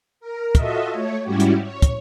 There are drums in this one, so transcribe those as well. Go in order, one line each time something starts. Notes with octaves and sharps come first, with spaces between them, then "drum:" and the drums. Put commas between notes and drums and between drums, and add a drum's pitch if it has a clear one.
A#4
F4 F#4 A4 D#5 E5, drum: kick, hi-hat
A3 C#5
G#2 G3 C#4 E4 F#4 G4
drum: hi-hat
C#5
drum: kick, hi-hat